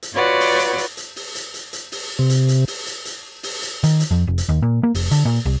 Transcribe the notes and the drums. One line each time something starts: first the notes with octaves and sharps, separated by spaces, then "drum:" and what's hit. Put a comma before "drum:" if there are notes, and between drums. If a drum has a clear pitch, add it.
drum: hi-hat
F4 F#4 B4 C#5 D5 F#5
drum: open hi-hat
drum: hi-hat
drum: hi-hat
drum: hi-hat
drum: open hi-hat
drum: hi-hat
drum: hi-hat
drum: hi-hat
drum: open hi-hat
C3
drum: hi-hat
drum: hi-hat
drum: open hi-hat
drum: hi-hat
drum: hi-hat
drum: open hi-hat
drum: hi-hat
D#3, drum: hi-hat
drum: hi-hat
F2
F1
drum: hi-hat
D#2
A#2
A#3
F1, drum: open hi-hat
D3, drum: hi-hat
A#2
C2